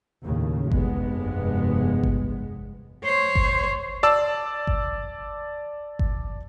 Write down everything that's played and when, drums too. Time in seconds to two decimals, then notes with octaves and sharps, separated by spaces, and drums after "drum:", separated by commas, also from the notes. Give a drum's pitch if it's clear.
0.23 D#2 A2 C#3
0.71 F1 G2 G#3 B3, drum: kick G1
2.03 drum: kick G1
3.04 C5 C#5
3.35 drum: kick G1
4.03 D5 A5 E6
4.67 drum: kick G1
5.99 drum: kick G1